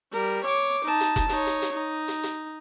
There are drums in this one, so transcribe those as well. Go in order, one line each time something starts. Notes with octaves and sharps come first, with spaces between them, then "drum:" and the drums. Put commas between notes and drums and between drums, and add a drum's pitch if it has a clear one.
G3 A#4
C#5 D6
D#4 A5
drum: hi-hat
drum: kick F1, hi-hat
D#4 C#5, drum: hi-hat
drum: hi-hat
drum: hi-hat
D#4
drum: hi-hat
drum: hi-hat